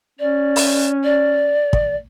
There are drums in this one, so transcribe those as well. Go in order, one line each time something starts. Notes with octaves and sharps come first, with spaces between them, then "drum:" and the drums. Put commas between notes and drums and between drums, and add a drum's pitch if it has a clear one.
C#4 D5
drum: open hi-hat
D5
drum: kick